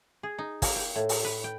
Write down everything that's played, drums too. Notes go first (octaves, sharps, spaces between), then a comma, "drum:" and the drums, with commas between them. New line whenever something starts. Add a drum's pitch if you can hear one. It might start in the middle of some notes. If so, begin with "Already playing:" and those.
G#4
D#4
A#3, drum: kick, open hi-hat
G5
A2
drum: open hi-hat
B4
G5